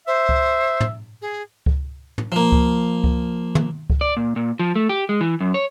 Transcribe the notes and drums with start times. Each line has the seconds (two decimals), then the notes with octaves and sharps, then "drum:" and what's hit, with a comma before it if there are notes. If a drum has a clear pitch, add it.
0.07 C5 E5
0.29 drum: kick C#2
0.80 drum: tom
1.22 G#4
1.66 drum: kick C#2
2.18 drum: tom
2.32 F3 A#3
2.52 drum: kick C#2
3.04 drum: kick C#2
3.55 drum: tom
3.90 drum: kick C#2
4.01 D5
4.17 A#2
4.36 A#2
4.59 F3
4.76 A3
4.89 G4
5.09 G#3
5.21 E3
5.41 F#2
5.54 C#5